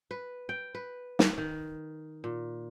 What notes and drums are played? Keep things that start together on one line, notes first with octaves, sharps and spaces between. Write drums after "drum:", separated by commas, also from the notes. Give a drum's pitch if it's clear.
B4
G5
B4
drum: snare
D#3
A#2